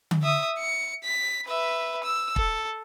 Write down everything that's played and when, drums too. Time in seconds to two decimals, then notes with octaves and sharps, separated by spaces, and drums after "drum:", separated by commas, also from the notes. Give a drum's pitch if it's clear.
0.11 drum: tom D3
0.22 E5 D#6
0.58 C#7
1.03 B6
1.46 B4 E5
2.03 E6
2.36 A4, drum: kick